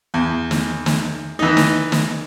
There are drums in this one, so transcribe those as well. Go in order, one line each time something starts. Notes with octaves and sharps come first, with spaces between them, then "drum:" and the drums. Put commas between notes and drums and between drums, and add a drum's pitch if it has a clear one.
E2
drum: snare
drum: snare
E3 D#4
drum: snare
drum: snare